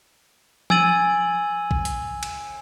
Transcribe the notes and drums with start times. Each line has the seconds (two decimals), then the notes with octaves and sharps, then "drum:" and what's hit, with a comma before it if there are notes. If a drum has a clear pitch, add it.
0.70 G#5 E6 G#6 A6 D#7 F#7, drum: tom F3
1.71 drum: kick A#1
1.85 drum: hi-hat
2.23 drum: cymbal